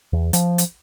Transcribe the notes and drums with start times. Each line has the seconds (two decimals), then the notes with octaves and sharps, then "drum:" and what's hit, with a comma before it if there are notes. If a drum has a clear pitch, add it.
0.13 E2
0.33 F3, drum: hi-hat
0.58 drum: hi-hat